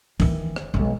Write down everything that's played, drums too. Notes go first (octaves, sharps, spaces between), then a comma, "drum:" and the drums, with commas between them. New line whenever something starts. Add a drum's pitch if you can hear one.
D#3 E3, drum: kick C2, open hi-hat
drum: rim click
B1 G#3